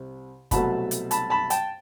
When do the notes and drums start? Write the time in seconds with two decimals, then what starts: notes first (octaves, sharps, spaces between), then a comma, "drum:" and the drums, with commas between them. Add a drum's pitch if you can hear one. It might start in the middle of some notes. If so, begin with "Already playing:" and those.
Already playing: C2 C3
0.51 C2 B2 F#3 A3 A5 B5, drum: kick, hi-hat
0.91 drum: hi-hat
1.11 A5 B5, drum: hi-hat
1.30 A5 B5
1.50 G5 A5, drum: hi-hat